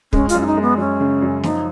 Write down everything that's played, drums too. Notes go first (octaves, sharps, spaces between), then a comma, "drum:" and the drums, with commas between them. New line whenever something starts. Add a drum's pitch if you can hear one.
G#3 C#4, drum: kick
F4, drum: hi-hat
F#2
F4
D#4
G#3
B3
F#2 C#4
C#3
F#2
F3 D#4, drum: snare